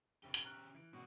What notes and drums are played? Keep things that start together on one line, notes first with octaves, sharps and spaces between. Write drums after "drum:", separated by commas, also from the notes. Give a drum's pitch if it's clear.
F1 C#3 G4
drum: hi-hat
A#5 F6 F#6
E3 D7
G#2 B2 F#4